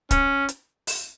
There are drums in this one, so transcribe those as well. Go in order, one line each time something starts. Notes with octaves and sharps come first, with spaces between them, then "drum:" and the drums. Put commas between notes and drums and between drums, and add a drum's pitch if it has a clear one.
C#4, drum: kick D1, hi-hat
drum: hi-hat
drum: open hi-hat